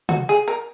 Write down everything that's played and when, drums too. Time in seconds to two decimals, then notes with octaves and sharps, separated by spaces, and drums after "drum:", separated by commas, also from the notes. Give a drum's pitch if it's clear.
0.09 F#4, drum: tom
0.29 G#4
0.48 A#4